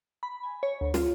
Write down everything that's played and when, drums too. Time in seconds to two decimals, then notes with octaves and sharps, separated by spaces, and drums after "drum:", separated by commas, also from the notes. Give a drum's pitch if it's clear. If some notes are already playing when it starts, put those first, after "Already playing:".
0.23 B5
0.43 G#5
0.63 C#5
0.81 D2
0.94 F4, drum: snare